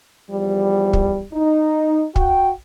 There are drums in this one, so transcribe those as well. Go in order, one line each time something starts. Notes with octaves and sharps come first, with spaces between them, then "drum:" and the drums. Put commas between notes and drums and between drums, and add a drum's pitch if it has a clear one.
E2 F3 G3
drum: kick
D#4
F#4 G5, drum: kick